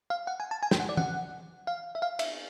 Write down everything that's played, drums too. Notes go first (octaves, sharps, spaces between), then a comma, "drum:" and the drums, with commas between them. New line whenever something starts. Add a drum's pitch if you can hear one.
F5
F#5
G#5
A5
G#5
G5, drum: snare
F#5
D5
F#5, drum: tom E3
F5
E5
F5
E5, drum: cymbal